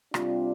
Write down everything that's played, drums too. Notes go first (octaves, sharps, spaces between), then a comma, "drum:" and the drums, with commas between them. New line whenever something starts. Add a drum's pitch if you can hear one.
C3 G3 D4 F4, drum: rim click